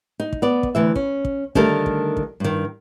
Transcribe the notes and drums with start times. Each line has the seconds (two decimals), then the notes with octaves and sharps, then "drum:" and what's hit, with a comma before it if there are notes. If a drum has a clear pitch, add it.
0.20 D#4
0.33 drum: kick
0.42 B3 D5
0.63 drum: kick
0.75 D2 E3 E5
0.96 C#4, drum: kick
1.25 drum: kick
1.55 D3 D#3 G3 A3 A4 A#4, drum: kick
1.86 drum: kick
2.17 drum: kick
2.40 G2 D#3